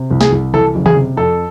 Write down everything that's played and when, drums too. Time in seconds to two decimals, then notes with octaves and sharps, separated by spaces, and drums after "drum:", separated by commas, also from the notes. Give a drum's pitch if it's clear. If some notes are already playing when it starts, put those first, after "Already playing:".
Already playing: C3
0.11 C2
0.21 G#4, drum: snare
0.32 C2
0.53 E3 A4
0.75 F#1
0.86 G#4, drum: tom D#3
0.96 C3
1.17 F2 A4